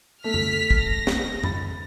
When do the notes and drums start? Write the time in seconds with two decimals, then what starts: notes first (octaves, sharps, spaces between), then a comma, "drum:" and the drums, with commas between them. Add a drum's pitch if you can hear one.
0.24 A3 F6 B6
0.34 drum: tom F2
0.71 drum: kick
0.82 A#6
1.07 drum: snare
1.44 B5 A6, drum: tom F2